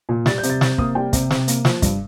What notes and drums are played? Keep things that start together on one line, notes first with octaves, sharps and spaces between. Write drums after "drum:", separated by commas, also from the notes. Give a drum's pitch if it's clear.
A#2
G3 A6, drum: snare
G6
C3, drum: hi-hat
A6
C3 A6, drum: snare
A#3 D#6, drum: kick
G3 G5
C3, drum: kick, hi-hat
C3, drum: snare
A#3, drum: hi-hat
F3, drum: snare
G2, drum: kick, hi-hat